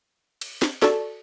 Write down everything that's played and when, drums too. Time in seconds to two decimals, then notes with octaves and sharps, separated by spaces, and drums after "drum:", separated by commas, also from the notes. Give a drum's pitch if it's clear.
0.41 drum: cymbal
0.62 drum: snare
0.82 F#4 A4 D5 A5, drum: snare